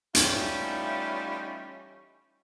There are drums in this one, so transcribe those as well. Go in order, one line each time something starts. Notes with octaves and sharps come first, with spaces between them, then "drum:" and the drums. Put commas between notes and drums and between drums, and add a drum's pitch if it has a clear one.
E3 G3 A3 C#4 D#4 F4, drum: hi-hat